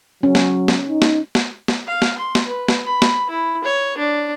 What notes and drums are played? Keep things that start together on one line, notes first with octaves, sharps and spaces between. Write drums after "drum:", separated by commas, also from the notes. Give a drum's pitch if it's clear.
F#3 C#4
drum: snare
drum: snare
D#4
drum: snare
drum: snare
drum: snare
F5
drum: snare
C6
drum: snare
B4
drum: snare
B5
drum: snare
E4
C#5
D4